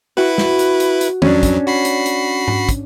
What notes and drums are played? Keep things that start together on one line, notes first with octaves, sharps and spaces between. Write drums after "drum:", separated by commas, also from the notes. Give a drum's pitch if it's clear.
E4 F#4 B4
drum: snare
drum: hi-hat
drum: hi-hat
drum: hi-hat
F2 F#3 C#4 D4, drum: tom
drum: kick, hi-hat
F#4 B5 C7
drum: hi-hat
drum: hi-hat
drum: tom G#2
drum: kick, hi-hat